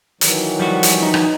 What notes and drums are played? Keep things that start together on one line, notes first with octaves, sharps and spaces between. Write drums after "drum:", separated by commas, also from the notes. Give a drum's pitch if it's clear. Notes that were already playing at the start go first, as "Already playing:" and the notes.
D#3 E3 F#3, drum: hi-hat
F3 G3 F#4
drum: hi-hat
D#4
drum: rim click